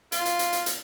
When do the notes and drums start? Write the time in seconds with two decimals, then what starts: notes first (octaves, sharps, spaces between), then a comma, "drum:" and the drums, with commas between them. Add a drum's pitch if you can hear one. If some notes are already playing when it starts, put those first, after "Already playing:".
0.12 F4, drum: hi-hat
0.25 drum: hi-hat
0.39 drum: hi-hat
0.53 drum: hi-hat
0.66 drum: hi-hat